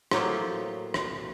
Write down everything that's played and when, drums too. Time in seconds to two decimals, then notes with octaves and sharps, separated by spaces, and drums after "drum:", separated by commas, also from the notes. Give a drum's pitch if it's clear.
0.11 A2 F#3 A#3 F4 C5, drum: rim click
0.94 drum: rim click